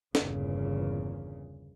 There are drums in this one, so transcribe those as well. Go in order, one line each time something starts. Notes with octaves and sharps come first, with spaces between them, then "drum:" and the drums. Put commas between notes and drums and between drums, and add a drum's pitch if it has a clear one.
G1 E2 A#2 C#3, drum: snare